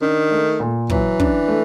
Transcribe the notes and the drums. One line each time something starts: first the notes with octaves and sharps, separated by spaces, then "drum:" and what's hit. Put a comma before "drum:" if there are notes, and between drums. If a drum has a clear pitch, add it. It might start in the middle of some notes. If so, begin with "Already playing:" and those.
D#3 D4
A3
A#2
E3 F#3, drum: kick
D4, drum: kick
A3